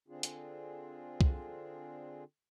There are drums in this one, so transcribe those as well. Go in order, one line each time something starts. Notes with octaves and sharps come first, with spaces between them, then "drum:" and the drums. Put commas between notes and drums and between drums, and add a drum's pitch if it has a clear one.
D3 C4 D4 F4 G#4
drum: hi-hat
drum: kick